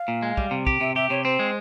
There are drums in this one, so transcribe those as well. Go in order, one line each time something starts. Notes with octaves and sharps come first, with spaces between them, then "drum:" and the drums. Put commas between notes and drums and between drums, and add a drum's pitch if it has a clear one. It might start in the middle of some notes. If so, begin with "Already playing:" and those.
Already playing: F5
A#2
G#3
G3, drum: kick
C3
G4, drum: kick
C3 E5
G4 E5
C3 C#5
C4 C5
G#3